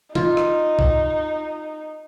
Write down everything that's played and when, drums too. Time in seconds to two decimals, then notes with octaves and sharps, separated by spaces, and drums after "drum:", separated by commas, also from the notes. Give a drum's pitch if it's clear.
0.15 D#4 F4, drum: tom
0.37 drum: rim click
0.79 drum: kick